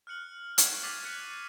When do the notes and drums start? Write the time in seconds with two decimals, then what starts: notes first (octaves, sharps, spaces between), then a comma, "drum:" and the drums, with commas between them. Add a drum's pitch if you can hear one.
0.07 F6 F#6 C#7 F#7
0.58 C#6 G#6 C7, drum: hi-hat
0.83 D6 A6 B6 C7 D#7 F#7
1.04 F6 F#6 G#6 A6 C#7 D#7